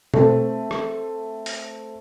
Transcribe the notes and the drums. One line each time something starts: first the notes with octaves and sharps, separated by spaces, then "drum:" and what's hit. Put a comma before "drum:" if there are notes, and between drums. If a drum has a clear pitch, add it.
A3 C4, drum: tom B2
drum: rim click
drum: open hi-hat